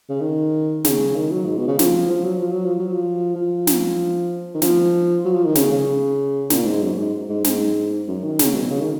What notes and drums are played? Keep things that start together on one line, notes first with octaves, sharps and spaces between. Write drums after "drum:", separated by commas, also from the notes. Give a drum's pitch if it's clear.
C#3
D#3
C#3, drum: snare
D#3
F#3
G#2
B2
C#3
F3, drum: snare
F3
F#3
F3
F#3
F3
F#3
F3
F3
drum: snare
D#3
F3, drum: snare
F#3
F3
D#3
C#3, drum: snare
C#3
A#2, drum: snare
G#2
F#2
G#2
G#2
G#2, drum: snare
F#2
D#3
C#3, drum: snare
B2
C#3
D#3